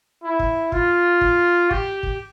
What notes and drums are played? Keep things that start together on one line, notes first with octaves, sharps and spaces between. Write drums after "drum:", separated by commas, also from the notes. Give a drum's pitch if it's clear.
E4
drum: kick
F4, drum: kick
drum: kick
G4, drum: kick
drum: kick